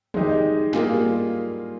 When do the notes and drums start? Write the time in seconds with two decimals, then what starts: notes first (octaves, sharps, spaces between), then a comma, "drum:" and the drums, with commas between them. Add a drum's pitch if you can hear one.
0.14 G#3 D#4 G4, drum: tom D3
0.73 G3 A#3 F4 G#4, drum: snare